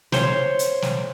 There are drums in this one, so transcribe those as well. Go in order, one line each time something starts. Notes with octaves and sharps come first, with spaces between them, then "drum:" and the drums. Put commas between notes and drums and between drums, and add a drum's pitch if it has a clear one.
C5 C#5, drum: snare
drum: hi-hat
drum: snare